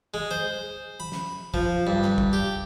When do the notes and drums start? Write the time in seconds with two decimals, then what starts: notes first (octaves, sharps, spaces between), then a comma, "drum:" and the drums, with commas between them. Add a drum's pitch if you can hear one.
0.14 G#3
0.31 C5
1.00 B5
1.12 drum: snare
1.54 F3, drum: kick
1.87 G2
2.02 drum: snare
2.18 drum: kick
2.33 G4